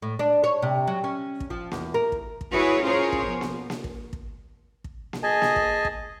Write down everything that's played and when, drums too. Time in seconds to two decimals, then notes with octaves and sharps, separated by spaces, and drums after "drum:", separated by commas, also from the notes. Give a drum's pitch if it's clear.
0.02 A2
0.19 D4
0.44 C#5
0.62 C3
0.87 F#3
1.04 C#4
1.40 drum: kick
1.50 F3
1.72 E2, drum: snare A#3
1.94 A#4
2.12 drum: kick
2.41 drum: kick
2.52 E4 F#4 G#4 B4 C#5
2.84 C#4 F4 G#4 A#4 C5 C#5
3.12 drum: kick
3.27 B2 F3
3.41 drum: snare A#3
3.70 drum: snare A#3
3.84 drum: kick
4.13 drum: kick
4.84 drum: kick
5.13 drum: snare A#3
5.23 G#4 D#5 G#5 A5
5.42 drum: snare A#3
5.56 drum: kick
5.85 drum: kick